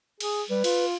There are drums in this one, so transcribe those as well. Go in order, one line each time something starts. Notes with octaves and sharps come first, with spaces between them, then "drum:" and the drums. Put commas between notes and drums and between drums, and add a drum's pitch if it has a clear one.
G#4, drum: cymbal
G3 B4
F4, drum: cymbal